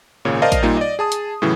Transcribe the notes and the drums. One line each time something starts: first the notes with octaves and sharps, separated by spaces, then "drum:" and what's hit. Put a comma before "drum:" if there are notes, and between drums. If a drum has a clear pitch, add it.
G#1 A#2 C#3 C#5
A#4 C5 D5 D#5 F5 A5
drum: kick A1, hi-hat
A#2 G3 A#3 D#4 F4
D5 D#5
G#4 A5 D#6
drum: hi-hat
A2 C#3 E3 F#3